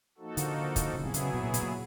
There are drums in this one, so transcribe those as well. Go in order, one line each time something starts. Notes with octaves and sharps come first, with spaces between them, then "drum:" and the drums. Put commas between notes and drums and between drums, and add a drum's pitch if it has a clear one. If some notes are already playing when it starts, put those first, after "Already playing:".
F3 A#3 D#4 F#4 A4
D3, drum: hi-hat
drum: kick, hi-hat
C#3 F#3 B3 E4 G#4
C3
C#3, drum: hi-hat
B2
A#2
B2, drum: hi-hat
A#2